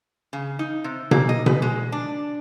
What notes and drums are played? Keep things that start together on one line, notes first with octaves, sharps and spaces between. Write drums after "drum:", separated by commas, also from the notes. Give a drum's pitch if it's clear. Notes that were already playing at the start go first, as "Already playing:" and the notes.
C#3
D#4
C3
A#3, drum: tom B2
D#5
B4, drum: tom B2
G#3
D4